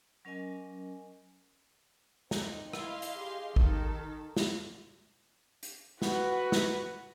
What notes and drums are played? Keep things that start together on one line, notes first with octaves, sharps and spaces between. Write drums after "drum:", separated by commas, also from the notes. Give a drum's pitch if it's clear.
F#3 C#4 A#4 D#5 G#5
C4 D#4, drum: snare
E4 D#5 F5 C6, drum: rim click
drum: hi-hat
G4 G#4
D#3 A4, drum: kick G#1
drum: snare
drum: hi-hat
F#4 B4, drum: snare
drum: snare